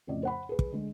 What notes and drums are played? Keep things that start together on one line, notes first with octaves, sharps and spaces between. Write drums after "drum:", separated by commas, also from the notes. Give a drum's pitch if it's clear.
F2 A2 C#3 F3 D5 D#5
C5 F#5 B5
G#4 B4
drum: kick
D3 G#3